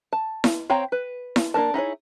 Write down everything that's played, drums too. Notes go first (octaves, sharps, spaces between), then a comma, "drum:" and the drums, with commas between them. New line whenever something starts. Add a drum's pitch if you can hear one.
A5
drum: snare E4
C4 C#5 F5 G5 A#5
B4
drum: snare E4
A#3 D4 A#4 A5
D#4 E4 G#4 C#5